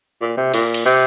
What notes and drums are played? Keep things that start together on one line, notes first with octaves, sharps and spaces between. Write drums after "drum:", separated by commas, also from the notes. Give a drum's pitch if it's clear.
A#2
C3
A#2, drum: cymbal
drum: cymbal
C3